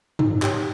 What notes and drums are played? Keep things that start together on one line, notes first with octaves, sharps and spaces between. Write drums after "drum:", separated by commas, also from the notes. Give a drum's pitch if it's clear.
D#4, drum: tom G2
G4 C#5 G5, drum: clap